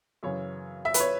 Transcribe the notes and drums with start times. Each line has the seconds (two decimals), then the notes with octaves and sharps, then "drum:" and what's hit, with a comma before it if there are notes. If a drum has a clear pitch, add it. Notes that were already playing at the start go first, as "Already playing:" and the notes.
0.23 F#2 C#3 E3 C#5
0.85 E5
0.94 B4, drum: hi-hat
1.00 C#5